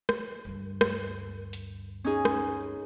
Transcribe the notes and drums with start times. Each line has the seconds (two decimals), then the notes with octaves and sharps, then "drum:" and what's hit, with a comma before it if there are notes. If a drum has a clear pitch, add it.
0.09 drum: rim click
0.45 D2 G2
0.81 drum: rim click
1.53 drum: hi-hat
2.04 C#4 D#4 G#4
2.25 drum: rim click